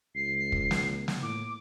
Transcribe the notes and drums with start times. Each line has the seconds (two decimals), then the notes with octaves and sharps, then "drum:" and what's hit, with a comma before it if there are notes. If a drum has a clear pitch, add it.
0.15 C#2 C7
0.52 drum: kick
0.71 drum: snare
1.08 drum: snare
1.22 A2 D6